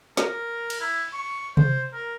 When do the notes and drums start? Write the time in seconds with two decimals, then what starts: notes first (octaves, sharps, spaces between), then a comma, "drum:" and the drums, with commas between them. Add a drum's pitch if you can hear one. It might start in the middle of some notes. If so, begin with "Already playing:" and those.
0.17 A#4, drum: snare
0.70 drum: cymbal
0.80 E4
1.14 C#6
1.57 C5, drum: tom C3
1.93 A#4